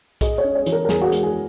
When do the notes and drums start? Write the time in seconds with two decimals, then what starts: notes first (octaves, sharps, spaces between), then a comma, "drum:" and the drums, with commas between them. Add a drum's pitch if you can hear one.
0.21 G#4 D#5, drum: kick, hi-hat
0.38 C#5
0.44 C#4
0.55 C#5
0.66 E3, drum: hi-hat
0.72 A#4
0.85 A#4
0.89 E2 G#4, drum: snare
1.02 F#4
1.07 G#4
1.12 G#3, drum: hi-hat
1.23 G#4